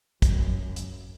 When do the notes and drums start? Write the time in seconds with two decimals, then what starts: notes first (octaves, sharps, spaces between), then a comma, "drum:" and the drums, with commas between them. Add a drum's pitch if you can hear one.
0.22 F#2, drum: kick, hi-hat
0.76 drum: hi-hat